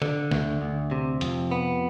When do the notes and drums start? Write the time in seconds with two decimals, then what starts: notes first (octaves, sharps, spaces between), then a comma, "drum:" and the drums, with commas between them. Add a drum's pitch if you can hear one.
0.02 D3, drum: snare
0.31 D2, drum: snare
0.62 D2
0.91 C3
1.21 F2, drum: hi-hat
1.51 B3